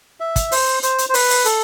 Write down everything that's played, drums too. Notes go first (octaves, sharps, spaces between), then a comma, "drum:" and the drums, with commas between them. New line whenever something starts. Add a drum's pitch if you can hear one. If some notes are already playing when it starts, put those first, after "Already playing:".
E5
drum: kick, hi-hat
C5, drum: open hi-hat
C5, drum: hi-hat
drum: hi-hat
C5
B4, drum: open hi-hat
drum: open hi-hat
A4, drum: hi-hat